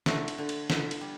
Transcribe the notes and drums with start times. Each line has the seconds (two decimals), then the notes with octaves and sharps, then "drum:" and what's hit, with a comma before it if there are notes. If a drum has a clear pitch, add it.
0.06 D3 A3, drum: snare
0.28 drum: cymbal
0.38 D3
0.49 drum: cymbal
0.70 D3, drum: snare
0.91 drum: cymbal
1.01 G3